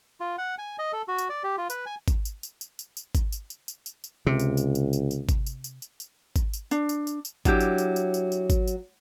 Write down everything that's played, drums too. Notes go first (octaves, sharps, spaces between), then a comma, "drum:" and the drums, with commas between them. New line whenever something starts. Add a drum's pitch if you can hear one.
F4
F#5
G#5
D#5
A4
F#4
drum: tambourine
D5
G4
F4
B4, drum: tambourine
G#5
drum: kick G#1, tambourine
drum: tambourine
drum: tambourine
drum: tambourine
drum: tambourine
drum: tambourine
drum: kick G#1, tambourine
drum: tambourine
drum: tambourine
drum: tambourine
drum: tambourine
drum: tambourine
C#2 C3
drum: tambourine
drum: tambourine
drum: tambourine
drum: tambourine
drum: tambourine
drum: kick G#1, tambourine
drum: tambourine
drum: tambourine
drum: tambourine
drum: tambourine
drum: kick G#1, tambourine
drum: tambourine
D4, drum: tambourine
drum: tambourine
drum: tambourine
drum: tambourine
F#3 D4 E4 G4, drum: kick G#1, tambourine
drum: tambourine
drum: tambourine
drum: tambourine
drum: tambourine
drum: tambourine
drum: kick G#1, tambourine
drum: tambourine